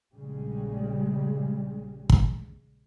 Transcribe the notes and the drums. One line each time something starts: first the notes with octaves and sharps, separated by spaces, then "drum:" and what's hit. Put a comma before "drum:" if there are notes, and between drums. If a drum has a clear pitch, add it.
A#1 C#3 G3 G#3
drum: kick